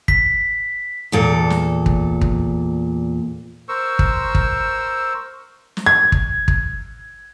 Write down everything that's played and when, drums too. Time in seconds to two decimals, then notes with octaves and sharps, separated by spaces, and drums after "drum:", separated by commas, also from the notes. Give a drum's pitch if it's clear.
0.08 B6, drum: kick
1.12 E2 A#2 A4
1.50 drum: snare
1.86 drum: kick
2.21 drum: kick
3.69 A#4 C5 C#6 E6
3.99 drum: kick
4.35 drum: kick
5.77 drum: snare
5.86 G#6
6.12 drum: kick
6.48 drum: kick